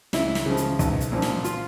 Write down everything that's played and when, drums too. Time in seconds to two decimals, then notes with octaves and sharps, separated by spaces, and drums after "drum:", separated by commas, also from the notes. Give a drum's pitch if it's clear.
0.13 C#2 E4, drum: snare
0.35 drum: snare
0.46 C#3 F3
0.57 drum: hi-hat
0.79 B1, drum: kick, hi-hat
1.00 drum: hi-hat
1.12 A#2 F3
1.22 drum: snare
1.44 F4, drum: hi-hat